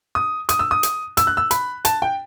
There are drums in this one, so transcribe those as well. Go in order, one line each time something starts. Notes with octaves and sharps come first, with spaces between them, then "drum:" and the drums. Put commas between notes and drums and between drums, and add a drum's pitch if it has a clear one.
D#6
D#6, drum: hi-hat
E6
D#6
drum: hi-hat
E6, drum: hi-hat
F#6
E6
B5, drum: hi-hat
A5, drum: hi-hat
G5